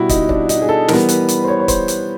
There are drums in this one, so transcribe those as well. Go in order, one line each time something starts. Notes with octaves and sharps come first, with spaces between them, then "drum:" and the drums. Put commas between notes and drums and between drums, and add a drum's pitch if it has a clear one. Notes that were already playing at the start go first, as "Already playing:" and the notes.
Already playing: B2 G3 B3 E4 F#4 G4
D#4, drum: kick, hi-hat
D4, drum: kick
D#4, drum: hi-hat
G#4
A4
E3 G3 B3 A#4, drum: snare
B4, drum: hi-hat
drum: hi-hat
C5
C#5
C#5
C5, drum: kick, hi-hat
drum: hi-hat